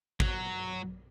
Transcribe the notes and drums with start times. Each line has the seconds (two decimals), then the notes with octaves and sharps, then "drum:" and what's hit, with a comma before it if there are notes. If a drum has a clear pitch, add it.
0.20 F#3, drum: kick